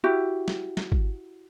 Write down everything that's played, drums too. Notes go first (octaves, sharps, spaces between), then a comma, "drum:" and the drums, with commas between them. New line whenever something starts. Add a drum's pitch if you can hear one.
E4 F#4 G4
drum: snare
drum: snare
drum: kick G#1